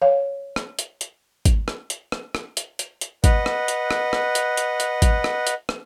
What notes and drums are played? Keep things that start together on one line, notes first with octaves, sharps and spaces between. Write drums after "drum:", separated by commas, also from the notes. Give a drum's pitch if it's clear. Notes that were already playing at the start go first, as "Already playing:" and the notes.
C#5 F5
drum: rim click
drum: hi-hat
drum: hi-hat
drum: kick G#1, hi-hat
drum: rim click
drum: hi-hat
drum: rim click
drum: rim click
drum: hi-hat
drum: hi-hat
drum: hi-hat
B4 D#5 F#5, drum: kick G#1, hi-hat
drum: rim click
drum: hi-hat
drum: rim click
drum: rim click
drum: hi-hat
drum: hi-hat
drum: hi-hat
drum: kick G#1, hi-hat
drum: rim click
drum: hi-hat
drum: rim click